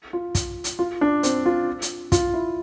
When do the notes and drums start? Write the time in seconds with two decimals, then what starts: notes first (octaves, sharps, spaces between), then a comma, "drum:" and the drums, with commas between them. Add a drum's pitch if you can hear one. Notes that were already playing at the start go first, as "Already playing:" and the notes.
0.13 F4
0.35 drum: kick, hi-hat
0.64 drum: hi-hat
0.79 F4
1.01 D4
1.23 C4, drum: hi-hat
1.46 F4
1.82 drum: hi-hat
2.12 F4, drum: kick, hi-hat
2.34 E4